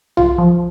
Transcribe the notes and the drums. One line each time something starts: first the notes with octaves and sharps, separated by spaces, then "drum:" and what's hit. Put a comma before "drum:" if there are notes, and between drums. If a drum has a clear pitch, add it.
F4, drum: tom B1
F3